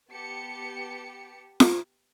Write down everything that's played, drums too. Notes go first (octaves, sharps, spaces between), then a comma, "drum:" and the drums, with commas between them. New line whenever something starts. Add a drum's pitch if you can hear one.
B3 G4 A5 C#7
drum: snare F4